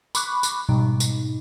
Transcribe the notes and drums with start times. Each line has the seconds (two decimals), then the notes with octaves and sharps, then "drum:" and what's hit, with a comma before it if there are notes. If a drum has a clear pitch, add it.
0.15 B5 C#6 D6 F#6, drum: tambourine
0.43 drum: tambourine
0.69 G#2 B2 G3 D#4
1.00 drum: tambourine